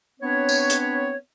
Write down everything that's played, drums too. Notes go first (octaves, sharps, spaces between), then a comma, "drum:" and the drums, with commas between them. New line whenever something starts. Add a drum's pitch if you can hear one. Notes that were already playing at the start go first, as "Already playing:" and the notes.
B3 C4 D4 B4 C#5
drum: tambourine
drum: hi-hat